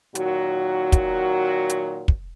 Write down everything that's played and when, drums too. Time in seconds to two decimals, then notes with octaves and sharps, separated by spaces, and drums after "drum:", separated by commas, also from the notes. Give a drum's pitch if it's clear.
0.15 A#2 D#3 F#3 F#4, drum: hi-hat
0.92 drum: kick, hi-hat
1.70 drum: hi-hat
2.08 drum: kick